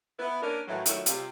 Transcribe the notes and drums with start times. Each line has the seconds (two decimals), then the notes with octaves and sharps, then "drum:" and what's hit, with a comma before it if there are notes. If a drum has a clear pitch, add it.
0.19 B3 E4 B4
0.43 A#3 C#4 D4 A#4
0.68 A2 D#3 E3 F#3
0.86 D#3 F3 F#3 A3 D#4 E4, drum: hi-hat
1.06 C3 G3 F4, drum: hi-hat